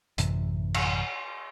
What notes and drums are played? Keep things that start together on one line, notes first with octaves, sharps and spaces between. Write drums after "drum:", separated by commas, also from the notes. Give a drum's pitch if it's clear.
A1 F#2 C3 E3, drum: hi-hat
drum: cymbal